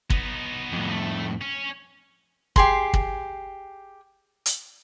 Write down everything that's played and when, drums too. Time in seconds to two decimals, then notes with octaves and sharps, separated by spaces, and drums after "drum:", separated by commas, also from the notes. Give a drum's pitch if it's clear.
0.10 B3 D#4, drum: kick
0.72 F2 A2
0.91 A3
1.41 C#4
2.56 G4 G#4 C6, drum: kick
2.93 drum: kick
4.46 drum: hi-hat